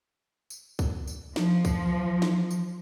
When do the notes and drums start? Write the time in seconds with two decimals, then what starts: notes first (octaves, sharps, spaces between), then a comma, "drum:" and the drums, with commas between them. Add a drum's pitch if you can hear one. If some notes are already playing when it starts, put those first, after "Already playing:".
0.50 drum: tambourine
0.79 drum: kick C2, tambourine
1.08 drum: tambourine
1.36 F3, drum: snare
1.65 drum: kick C2, tambourine
2.22 drum: snare
2.51 drum: tambourine